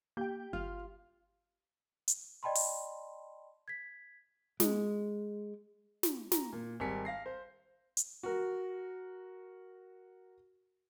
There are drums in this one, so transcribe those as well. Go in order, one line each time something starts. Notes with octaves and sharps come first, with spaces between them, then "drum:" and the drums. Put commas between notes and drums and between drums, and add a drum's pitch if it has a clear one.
A#3 G4 G5 G6
G1 F4 F6
drum: hi-hat
D5 D#5 G5 A5 B5 C6
drum: open hi-hat
G#6 B6
G#3, drum: snare
drum: snare
A#5, drum: snare
A#2
G#1 G3 G#5 B6 C#7
F5 A#6 C7
C5
drum: hi-hat
F#4 A#4